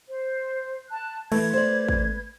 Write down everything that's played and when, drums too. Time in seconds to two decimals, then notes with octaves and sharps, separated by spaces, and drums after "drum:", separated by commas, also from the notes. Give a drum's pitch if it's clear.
0.08 C5
0.90 A5 F#6
1.32 E3 A3 B4 G#6, drum: cymbal
1.54 C5 D5
1.88 drum: kick